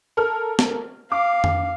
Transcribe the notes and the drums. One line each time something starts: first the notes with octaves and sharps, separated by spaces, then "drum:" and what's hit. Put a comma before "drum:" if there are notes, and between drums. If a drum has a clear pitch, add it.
A4 A#4 F6
drum: snare
F5 D6
drum: tom F2